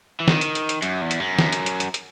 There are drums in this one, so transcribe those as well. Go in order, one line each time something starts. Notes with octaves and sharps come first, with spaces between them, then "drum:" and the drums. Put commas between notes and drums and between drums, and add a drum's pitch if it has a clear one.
E3
D#3, drum: snare
drum: hi-hat
drum: hi-hat
drum: hi-hat
F#2, drum: hi-hat
E2
drum: hi-hat
F#2
drum: snare
drum: hi-hat
drum: hi-hat
drum: hi-hat
drum: hi-hat